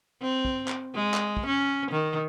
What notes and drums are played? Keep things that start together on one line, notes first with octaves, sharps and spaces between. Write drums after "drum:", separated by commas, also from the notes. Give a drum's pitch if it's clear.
C4
drum: kick
drum: clap
G#3
drum: clap
drum: kick
C#4
D#3